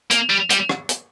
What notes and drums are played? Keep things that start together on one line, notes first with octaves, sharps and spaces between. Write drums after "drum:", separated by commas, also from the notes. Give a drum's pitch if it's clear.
A#3, drum: hi-hat
G3
G3, drum: hi-hat
drum: rim click
drum: hi-hat